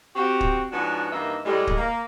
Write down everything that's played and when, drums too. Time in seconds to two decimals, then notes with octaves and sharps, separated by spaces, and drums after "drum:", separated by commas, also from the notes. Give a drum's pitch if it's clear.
0.15 C4 F#4 G4
0.41 drum: kick
0.71 G#2 F3 B3 C#4 D4 F#4
1.11 G2 D#3 E3 A#3 D#5 E5
1.45 A2 G3 G#3
1.67 drum: kick
1.77 A#3